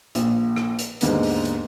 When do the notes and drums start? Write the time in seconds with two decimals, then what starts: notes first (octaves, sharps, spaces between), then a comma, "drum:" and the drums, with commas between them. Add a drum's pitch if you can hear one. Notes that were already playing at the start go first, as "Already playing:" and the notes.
0.15 A#1 A#2, drum: hi-hat
0.56 drum: rim click
0.79 drum: hi-hat
1.01 D#2 G#2 D3 G#3 A#3 B3, drum: hi-hat
1.23 drum: open hi-hat
1.45 drum: hi-hat